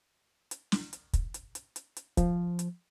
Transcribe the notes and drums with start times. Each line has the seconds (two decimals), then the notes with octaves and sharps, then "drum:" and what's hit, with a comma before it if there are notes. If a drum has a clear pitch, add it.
0.51 drum: hi-hat
0.72 drum: snare
0.93 drum: hi-hat
1.13 drum: kick, hi-hat
1.34 drum: hi-hat
1.55 drum: hi-hat
1.76 drum: hi-hat
1.97 drum: hi-hat
2.17 F3, drum: kick, hi-hat
2.59 drum: hi-hat